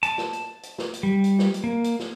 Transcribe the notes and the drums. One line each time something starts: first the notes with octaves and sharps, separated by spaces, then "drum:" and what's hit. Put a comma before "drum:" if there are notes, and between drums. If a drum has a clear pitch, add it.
A5, drum: hi-hat
drum: snare
drum: hi-hat
drum: hi-hat
drum: snare
drum: hi-hat
G3
drum: hi-hat
drum: snare
drum: hi-hat
A#3
drum: hi-hat
drum: snare